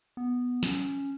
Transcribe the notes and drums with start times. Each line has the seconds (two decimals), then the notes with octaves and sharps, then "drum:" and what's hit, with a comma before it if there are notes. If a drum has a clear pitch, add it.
0.17 B3
0.63 C#4, drum: snare